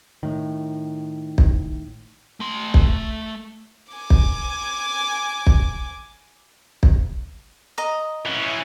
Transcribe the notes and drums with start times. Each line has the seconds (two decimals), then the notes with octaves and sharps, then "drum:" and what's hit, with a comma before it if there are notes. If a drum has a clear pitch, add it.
0.23 A2 D#3
1.38 drum: kick
2.40 A3 C6
2.74 drum: kick
3.92 G#5 D6
4.10 drum: kick
5.47 drum: kick
6.83 drum: kick
7.78 D#5 A#5 D#6
8.26 E3 C#4